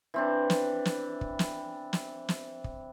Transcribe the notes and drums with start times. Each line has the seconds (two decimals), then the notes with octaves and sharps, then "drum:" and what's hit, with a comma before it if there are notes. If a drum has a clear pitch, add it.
0.14 E3 C4 D4
0.50 drum: snare
0.85 drum: snare
1.21 drum: kick
1.39 drum: snare
1.93 drum: snare
2.29 drum: snare
2.64 drum: kick